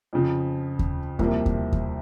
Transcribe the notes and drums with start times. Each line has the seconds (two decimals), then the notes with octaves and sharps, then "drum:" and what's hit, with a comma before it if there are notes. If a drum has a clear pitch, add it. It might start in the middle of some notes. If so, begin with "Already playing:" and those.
0.13 F2 C#3 F3
0.79 drum: kick D#2
1.19 C2 C3 F3 A#3, drum: kick D#2
1.46 drum: kick D#2
1.72 drum: kick D#2